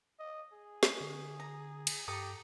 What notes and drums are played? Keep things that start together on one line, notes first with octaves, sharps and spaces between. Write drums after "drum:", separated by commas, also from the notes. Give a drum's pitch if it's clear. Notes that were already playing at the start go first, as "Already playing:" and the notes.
D#5
G#4
drum: snare
D3
A#5
drum: cymbal
G2 G4 A4 A#5 D#6